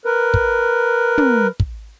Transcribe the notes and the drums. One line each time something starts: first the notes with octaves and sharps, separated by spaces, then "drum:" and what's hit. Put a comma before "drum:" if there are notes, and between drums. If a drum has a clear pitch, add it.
A#4 B4
drum: kick
drum: tom
drum: kick